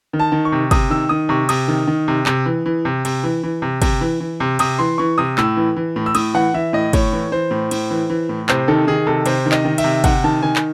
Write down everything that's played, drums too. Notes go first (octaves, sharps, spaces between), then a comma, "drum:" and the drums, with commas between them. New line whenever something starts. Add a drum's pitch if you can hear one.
D#3
A5
D#3
C#6
C3
C3 D#6, drum: kick, cymbal
D#3 E6
D#3 D#6
C3 C#6
C3 D#6, drum: cymbal
D#3
D#3
C3
C3, drum: clap
E3
E3
C3
C3, drum: cymbal
E3
E3
C3
C3, drum: kick, cymbal
E3
E3
C3
C3 D#6, drum: cymbal
E3 C6
E3 C#6
C3 D#6
A2 E6, drum: clap
E3
E3
A2
E6
A2 D#6, drum: cymbal
E3 F#5
E3 E5
A2 D#5
A2 C#5, drum: kick, cymbal
E3
E3 C5
A2
A2, drum: cymbal
E3
E3
A2
C3 C5, drum: clap
D#3 A4
D#3 G#4
C3 A4
C3 C5, drum: cymbal
D#3
D#5, drum: clap
D#3
E5, drum: cymbal
C3
C3 F#5, drum: kick, cymbal
D#3 A5
D#3 G#5
drum: clap